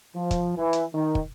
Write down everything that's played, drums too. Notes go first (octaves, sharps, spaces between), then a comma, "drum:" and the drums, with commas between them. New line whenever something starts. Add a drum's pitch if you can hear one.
F3
drum: kick, hi-hat
E3
drum: hi-hat
D#3
drum: kick